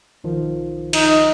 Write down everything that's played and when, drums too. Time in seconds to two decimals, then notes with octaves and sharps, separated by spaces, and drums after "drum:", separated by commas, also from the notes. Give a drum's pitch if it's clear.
0.24 B1 D#3 F3
0.93 D#4, drum: cymbal